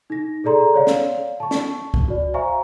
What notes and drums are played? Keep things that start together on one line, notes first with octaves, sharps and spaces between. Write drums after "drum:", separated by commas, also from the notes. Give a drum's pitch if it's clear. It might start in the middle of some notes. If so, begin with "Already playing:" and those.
D#4 A#6
G#4 A4 D5 A#5 C6
C#5 D5 F5
drum: snare
A5 C#6
drum: snare
drum: kick C2
F#4 D5
C5 E5 F5 G#5 A#5 C#6